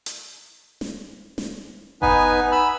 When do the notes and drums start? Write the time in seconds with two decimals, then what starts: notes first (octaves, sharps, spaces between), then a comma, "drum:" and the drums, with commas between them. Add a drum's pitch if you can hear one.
0.06 drum: hi-hat
0.81 drum: snare
1.38 drum: snare
2.02 B3 D#4 B4 G#5, drum: kick G1
2.52 B5 E6